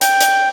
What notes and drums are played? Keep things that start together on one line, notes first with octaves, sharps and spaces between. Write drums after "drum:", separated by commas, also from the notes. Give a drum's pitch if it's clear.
G5, drum: hi-hat
drum: hi-hat